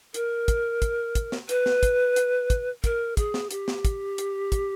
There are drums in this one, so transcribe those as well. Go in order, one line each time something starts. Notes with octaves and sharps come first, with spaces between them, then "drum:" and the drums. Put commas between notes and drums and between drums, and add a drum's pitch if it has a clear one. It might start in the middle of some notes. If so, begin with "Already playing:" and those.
A#4, drum: hi-hat
drum: kick, hi-hat
drum: kick, hi-hat
drum: kick, hi-hat
drum: snare
B4, drum: hi-hat
drum: snare
drum: kick, hi-hat
drum: hi-hat
drum: kick, hi-hat
A#4, drum: kick, hi-hat
G#4, drum: kick, hi-hat
drum: snare
G4, drum: hi-hat
drum: snare
drum: kick, hi-hat
drum: hi-hat
drum: kick, hi-hat